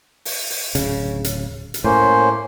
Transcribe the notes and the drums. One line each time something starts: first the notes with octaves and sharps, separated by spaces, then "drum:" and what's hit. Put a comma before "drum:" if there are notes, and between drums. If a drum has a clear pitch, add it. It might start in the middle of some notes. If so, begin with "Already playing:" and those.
drum: open hi-hat
drum: open hi-hat
D1 C#3, drum: hi-hat
drum: hi-hat
drum: hi-hat
A2 A#3 C#4 C5